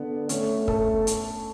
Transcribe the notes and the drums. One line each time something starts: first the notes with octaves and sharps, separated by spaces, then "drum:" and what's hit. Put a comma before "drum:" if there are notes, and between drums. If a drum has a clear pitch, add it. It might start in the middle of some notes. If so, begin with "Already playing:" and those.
Already playing: D3 B3
A3 C#4, drum: hi-hat
A4, drum: kick
drum: hi-hat